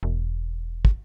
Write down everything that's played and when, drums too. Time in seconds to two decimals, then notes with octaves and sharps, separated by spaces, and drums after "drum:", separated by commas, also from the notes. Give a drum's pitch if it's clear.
0.03 E1
0.85 drum: kick